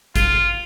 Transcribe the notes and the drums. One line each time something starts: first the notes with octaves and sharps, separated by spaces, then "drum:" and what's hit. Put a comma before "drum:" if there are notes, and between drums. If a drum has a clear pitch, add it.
F4, drum: kick, hi-hat